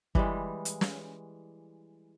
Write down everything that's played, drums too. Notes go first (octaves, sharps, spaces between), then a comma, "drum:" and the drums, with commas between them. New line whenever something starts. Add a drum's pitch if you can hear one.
E3 G3 G#3, drum: kick
drum: hi-hat
drum: snare